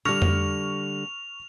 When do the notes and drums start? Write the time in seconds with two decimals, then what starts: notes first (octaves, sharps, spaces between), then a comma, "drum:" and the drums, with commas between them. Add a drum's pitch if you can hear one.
0.05 D3 G3 C#6 F6 A#6 F7
0.22 drum: tom F2